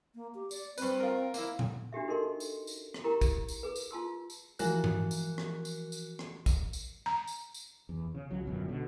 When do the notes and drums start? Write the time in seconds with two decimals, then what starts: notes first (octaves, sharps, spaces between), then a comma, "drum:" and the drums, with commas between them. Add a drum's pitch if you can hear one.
0.15 A#3
0.35 G4
0.51 D5, drum: tambourine
0.78 G2 C4 B4, drum: tambourine
1.00 F4 A#4
1.34 A#3 E4, drum: tambourine
1.59 drum: tom
1.93 D4 F#4 G4 E5
2.08 D#4 A4 A#4 D#5 C6
2.40 drum: tambourine
2.67 drum: tambourine
2.94 drum: rim click
3.04 E4 G4 A#4 A#5
3.21 drum: kick, tambourine
3.49 drum: tambourine
3.63 G#4 B4
3.76 drum: tambourine
3.91 F4 A5 C6 E6
4.30 drum: tambourine
4.59 E3 F3 G#3 F#4 A#4 F#6, drum: tambourine
4.84 drum: tom G2
5.11 drum: tambourine
5.38 drum: rim click
5.65 drum: tambourine
5.92 drum: tambourine
6.19 drum: rim click
6.46 drum: kick, tambourine
6.73 drum: tambourine
7.06 A#5
7.27 drum: tambourine
7.54 drum: tambourine
7.89 E2
8.15 C#3
8.31 C#2 F#3
8.45 G1 F#2 B2
8.69 B2 D3